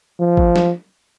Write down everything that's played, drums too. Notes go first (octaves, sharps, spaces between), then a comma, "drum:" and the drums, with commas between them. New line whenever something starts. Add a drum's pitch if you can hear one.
F3
drum: kick
drum: snare